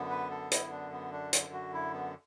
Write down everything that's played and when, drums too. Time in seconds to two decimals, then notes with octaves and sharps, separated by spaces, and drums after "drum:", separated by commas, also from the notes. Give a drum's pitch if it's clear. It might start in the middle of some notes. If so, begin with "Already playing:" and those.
Already playing: F#2 D3 B3
0.10 B4
0.31 A4
0.51 E4, drum: hi-hat
0.72 D4
0.92 B3
1.12 D4
1.33 drum: hi-hat
1.53 F#4
1.74 E4
1.94 B3